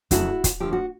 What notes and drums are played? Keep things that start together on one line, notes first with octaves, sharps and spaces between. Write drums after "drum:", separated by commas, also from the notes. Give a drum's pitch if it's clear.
F2 C#3 F#3 A3 E4 F#4, drum: kick, hi-hat
drum: kick, hi-hat
D#2 D3 F3 A3 G4
F#4